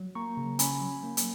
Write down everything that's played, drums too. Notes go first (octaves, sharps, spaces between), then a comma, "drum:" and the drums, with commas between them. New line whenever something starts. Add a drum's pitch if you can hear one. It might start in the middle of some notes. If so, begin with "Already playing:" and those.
Already playing: F#3
A#3 A#5 C#6
C#3
C#4 G#5 B5, drum: hi-hat
F#3
A#3
drum: hi-hat